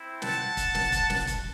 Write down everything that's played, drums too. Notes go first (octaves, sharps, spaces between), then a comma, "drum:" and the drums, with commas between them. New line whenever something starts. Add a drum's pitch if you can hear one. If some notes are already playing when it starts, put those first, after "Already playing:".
Already playing: C4 E4
F#5 A5, drum: snare
drum: kick, hi-hat
drum: snare
drum: kick, hi-hat
drum: snare
drum: kick, hi-hat